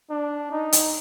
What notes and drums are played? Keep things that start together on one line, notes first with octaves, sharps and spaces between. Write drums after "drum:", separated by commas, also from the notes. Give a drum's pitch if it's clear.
D4
D#4
drum: hi-hat